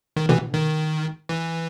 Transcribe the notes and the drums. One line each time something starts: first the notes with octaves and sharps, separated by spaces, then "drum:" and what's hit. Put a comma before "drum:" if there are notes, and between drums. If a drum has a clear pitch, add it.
D#3
E3, drum: tom
D#3
E3